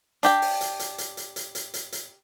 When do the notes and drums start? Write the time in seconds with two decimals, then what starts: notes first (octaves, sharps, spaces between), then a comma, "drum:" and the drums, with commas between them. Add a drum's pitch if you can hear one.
0.23 D4 G4 G5, drum: hi-hat
0.42 drum: open hi-hat
0.61 drum: hi-hat
0.80 drum: hi-hat
0.98 drum: hi-hat
1.17 drum: hi-hat
1.36 drum: hi-hat
1.55 drum: hi-hat
1.74 drum: hi-hat
1.92 drum: hi-hat